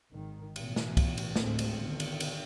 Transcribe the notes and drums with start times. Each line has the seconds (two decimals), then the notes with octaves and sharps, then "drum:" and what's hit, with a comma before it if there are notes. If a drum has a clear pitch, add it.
0.11 G#1 D#3
0.56 A1 B2 E3, drum: cymbal
0.76 drum: snare
0.97 drum: kick, cymbal
1.17 drum: cymbal
1.36 G#1 D2 A2 D3 G#3 C4, drum: snare
1.59 drum: cymbal
1.82 B2 D3 D#3
2.00 drum: cymbal
2.20 drum: cymbal